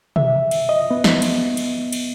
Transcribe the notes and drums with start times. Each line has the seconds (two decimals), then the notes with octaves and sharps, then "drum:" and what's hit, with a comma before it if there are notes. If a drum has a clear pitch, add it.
0.16 E5, drum: tom
0.51 drum: cymbal
0.69 D#5
0.91 B3
1.04 drum: snare
1.22 drum: cymbal
1.57 drum: cymbal
1.93 drum: cymbal